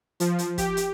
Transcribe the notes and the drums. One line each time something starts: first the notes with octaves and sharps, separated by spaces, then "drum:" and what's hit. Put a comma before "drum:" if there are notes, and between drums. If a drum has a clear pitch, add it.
F3, drum: hi-hat
drum: hi-hat
G4, drum: kick, hi-hat
drum: hi-hat